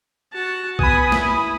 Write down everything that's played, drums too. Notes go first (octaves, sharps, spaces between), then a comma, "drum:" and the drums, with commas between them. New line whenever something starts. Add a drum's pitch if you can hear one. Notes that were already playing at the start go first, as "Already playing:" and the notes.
F#4 A5
B3 G#5 B5 D#6, drum: kick B1
E4, drum: snare